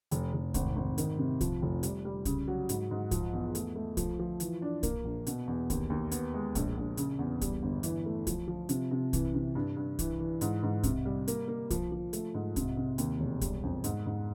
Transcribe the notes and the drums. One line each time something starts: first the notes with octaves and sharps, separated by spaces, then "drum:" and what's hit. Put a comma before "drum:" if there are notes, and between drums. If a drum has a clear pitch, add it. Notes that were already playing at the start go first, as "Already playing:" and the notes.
F1, drum: hi-hat
F1
G#1, drum: kick, hi-hat
G#1
D#3, drum: hi-hat
C3
F3, drum: kick, hi-hat
F1
G3, drum: hi-hat
G3
C#3, drum: kick, hi-hat
F#3
G#2, drum: hi-hat
G#2
F3, drum: kick, hi-hat
E2
A3, drum: hi-hat
A3
F3, drum: kick, hi-hat
F3
E3, drum: hi-hat
D4
A#3, drum: kick, hi-hat
A#1
B2, drum: hi-hat
E2
D#2, drum: kick, hi-hat
D#2
B3, drum: hi-hat
G#3
A#1, drum: kick, hi-hat
A#1
C#3, drum: hi-hat
E2
G3, drum: kick, hi-hat
G1
E3, drum: hi-hat
A3
F3, drum: kick, hi-hat
F3
C3, drum: hi-hat
C3
E3, drum: kick, hi-hat
C3
G2
G2
E3, drum: kick, hi-hat
E3
G#2, drum: hi-hat
G#2
C3, drum: kick, hi-hat
G3
A#3, drum: hi-hat
A#3
F3, drum: kick, hi-hat
F3
A3, drum: hi-hat
G#2
C3, drum: kick, hi-hat
C3
D#2, drum: hi-hat
E1
G3, drum: kick, hi-hat
F2
G#2, drum: hi-hat
G#2